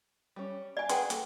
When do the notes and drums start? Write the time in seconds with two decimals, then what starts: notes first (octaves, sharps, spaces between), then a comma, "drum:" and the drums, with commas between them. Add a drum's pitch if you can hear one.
0.36 G3 C#4
0.77 D5 F5 G#5
0.89 G#4 A#4 B4 F#5 G5 C6, drum: hi-hat
1.10 A#3 A4, drum: hi-hat